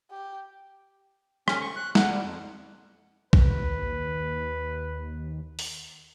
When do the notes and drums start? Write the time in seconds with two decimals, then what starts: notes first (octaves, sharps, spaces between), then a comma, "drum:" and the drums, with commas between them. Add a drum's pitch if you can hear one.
0.11 G4
1.48 C#4, drum: rim click
1.61 C#6
1.76 F#6
1.95 F#5, drum: snare
2.10 G3
2.24 F2
3.33 D#2 B4, drum: kick A#1
5.59 drum: open hi-hat